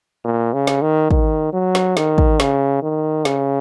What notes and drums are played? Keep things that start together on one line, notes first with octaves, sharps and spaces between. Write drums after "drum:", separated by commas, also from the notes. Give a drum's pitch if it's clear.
A#2
C#3
drum: snare
D#3
D#3, drum: kick
F#3
drum: snare
D#3, drum: snare
drum: kick
C#3, drum: snare
D#3
C#3, drum: snare